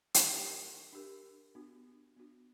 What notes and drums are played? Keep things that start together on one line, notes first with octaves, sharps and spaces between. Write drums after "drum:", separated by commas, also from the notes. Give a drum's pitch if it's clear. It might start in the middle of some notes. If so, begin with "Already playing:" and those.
drum: hi-hat
D4 G4 A#4
D4 G4 A#4
B3 D4 F#4
B3 D4 F#4